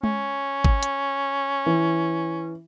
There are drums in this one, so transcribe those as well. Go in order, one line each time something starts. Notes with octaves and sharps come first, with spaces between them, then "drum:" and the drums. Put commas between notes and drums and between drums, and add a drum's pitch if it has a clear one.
C#4, drum: tom G#3
drum: kick G#1
drum: hi-hat
E3